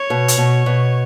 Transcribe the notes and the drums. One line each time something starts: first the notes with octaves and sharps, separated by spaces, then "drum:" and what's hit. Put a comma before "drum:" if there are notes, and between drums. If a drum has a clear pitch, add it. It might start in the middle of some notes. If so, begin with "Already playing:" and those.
Already playing: C#5
B2
drum: hi-hat
B2
B2